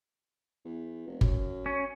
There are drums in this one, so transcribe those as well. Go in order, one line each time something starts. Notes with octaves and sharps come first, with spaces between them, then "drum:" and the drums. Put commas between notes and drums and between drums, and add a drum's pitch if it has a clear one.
E2
F1
F#2, drum: kick G1
C#4